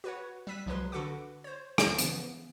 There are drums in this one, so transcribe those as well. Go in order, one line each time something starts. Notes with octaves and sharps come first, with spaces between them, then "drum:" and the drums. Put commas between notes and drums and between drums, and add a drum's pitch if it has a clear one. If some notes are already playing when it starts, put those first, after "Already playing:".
F#4 B4 C#5 F#5
G3 E6 F#6 B6 D#7
C2 F3 F#3 G#3 B4 C6
D3 F#4 A4 B4 F#5 D6
C5 C#5
drum: rim click
C#3 E3 F3 B3, drum: hi-hat